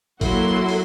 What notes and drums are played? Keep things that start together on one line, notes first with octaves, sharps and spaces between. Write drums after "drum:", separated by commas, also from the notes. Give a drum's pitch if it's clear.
F#3 A#3 E4 F#4 A4 C6, drum: kick, open hi-hat
drum: open hi-hat